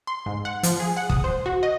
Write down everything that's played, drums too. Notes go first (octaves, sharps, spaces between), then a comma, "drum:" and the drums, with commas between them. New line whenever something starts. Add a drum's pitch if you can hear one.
C6
G#2
F#5
F3, drum: hi-hat
G#4
F#5
D#6, drum: kick
C5
F#4
D#5